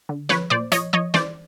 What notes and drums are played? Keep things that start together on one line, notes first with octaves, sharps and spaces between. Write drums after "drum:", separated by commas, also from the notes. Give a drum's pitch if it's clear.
D3
F3 B4 C#5, drum: snare
A#2 C5 D5
F3 C#5 D#5, drum: hi-hat
F3 C#5 D#5
E3 C5 D5, drum: snare